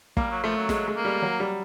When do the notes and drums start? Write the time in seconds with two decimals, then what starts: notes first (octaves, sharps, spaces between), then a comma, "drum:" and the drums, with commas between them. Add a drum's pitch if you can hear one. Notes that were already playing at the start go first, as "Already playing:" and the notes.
0.17 G3 A#3, drum: kick
0.30 F#3
0.43 F3 A3
0.56 F#3
0.69 F#3 G#3, drum: snare
0.88 G#3
0.95 A#3
1.05 G3
1.22 F#3
1.40 G3